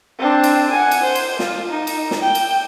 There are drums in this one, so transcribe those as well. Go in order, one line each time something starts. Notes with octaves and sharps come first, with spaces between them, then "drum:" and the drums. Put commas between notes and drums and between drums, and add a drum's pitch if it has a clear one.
C4 D4
drum: cymbal
F#5 G#5
drum: cymbal
C5
drum: cymbal
F4, drum: snare
D#4
drum: cymbal
drum: snare
G5
drum: cymbal